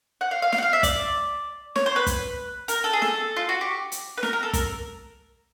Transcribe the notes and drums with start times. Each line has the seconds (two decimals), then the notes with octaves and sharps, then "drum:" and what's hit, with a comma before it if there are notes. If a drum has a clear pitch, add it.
0.21 F#5
0.31 F5
0.42 F5
0.52 F5, drum: snare
0.58 F#5
0.63 F5
0.73 E5
0.83 D5, drum: kick, hi-hat
1.76 C#5, drum: snare
1.86 C5
1.96 B4
2.07 drum: kick, hi-hat
2.68 A#4, drum: hi-hat
2.84 A4
2.93 G#4
3.02 A4, drum: snare
3.36 F4
3.49 F#4
3.61 G4
3.92 drum: hi-hat
4.18 B4
4.23 A#4, drum: snare
4.33 A#4
4.43 A4
4.53 A#4, drum: kick, hi-hat